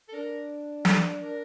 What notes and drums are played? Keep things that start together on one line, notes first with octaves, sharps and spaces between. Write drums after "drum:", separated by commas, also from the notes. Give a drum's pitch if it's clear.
A4
D4 A#4
A4, drum: snare
A#4